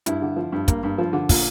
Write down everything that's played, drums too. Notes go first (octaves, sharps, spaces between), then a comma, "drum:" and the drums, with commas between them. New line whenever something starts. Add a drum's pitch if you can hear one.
G2 E4, drum: hi-hat
D3
F3
G2
A#3, drum: kick, hi-hat
G2
F3
D3
A#2, drum: kick, open hi-hat